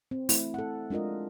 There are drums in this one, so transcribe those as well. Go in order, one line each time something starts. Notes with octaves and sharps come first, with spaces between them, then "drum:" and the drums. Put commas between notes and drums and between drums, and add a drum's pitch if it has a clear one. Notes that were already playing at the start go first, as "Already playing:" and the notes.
C4
A3 E4, drum: open hi-hat
A4 F#5
G#3 D4 F4 A#4 D#5